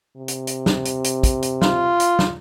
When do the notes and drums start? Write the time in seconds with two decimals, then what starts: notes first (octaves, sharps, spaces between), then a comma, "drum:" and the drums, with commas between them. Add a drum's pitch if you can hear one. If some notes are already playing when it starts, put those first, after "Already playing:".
0.16 C3
0.28 drum: hi-hat
0.47 drum: hi-hat
0.66 drum: snare
0.85 drum: hi-hat
1.04 drum: hi-hat
1.23 drum: kick, hi-hat
1.42 drum: hi-hat
1.62 F4, drum: snare
2.00 drum: hi-hat
2.19 drum: snare